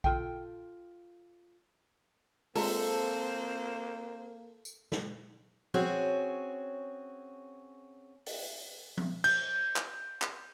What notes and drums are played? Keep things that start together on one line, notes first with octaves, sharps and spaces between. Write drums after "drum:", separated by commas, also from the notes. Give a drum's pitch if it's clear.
F4 A4 G5, drum: kick A#1
G#3 A#3 C4 F4 A4 C5 A#5, drum: open hi-hat
drum: tambourine
drum: snare
C4 C#4 F#4 G#4 C#5, drum: tom F3
drum: open hi-hat
drum: tom F3
G6, drum: cymbal
drum: clap
drum: clap